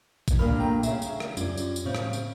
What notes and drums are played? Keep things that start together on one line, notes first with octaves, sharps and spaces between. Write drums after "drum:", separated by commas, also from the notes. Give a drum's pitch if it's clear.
drum: kick, tambourine
G2 A#2 D4 A#4 B5 F6
A3 G5 A#5
C#3 G#4 E5, drum: tambourine
drum: tambourine
drum: rim click
F#2 G3 C#4 F4, drum: tambourine
drum: tambourine
drum: tambourine
A2 C#3 C4
drum: rim click
drum: tambourine